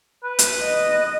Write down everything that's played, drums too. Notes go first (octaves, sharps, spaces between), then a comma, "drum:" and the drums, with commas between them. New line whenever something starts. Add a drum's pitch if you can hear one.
B4
drum: hi-hat
D#5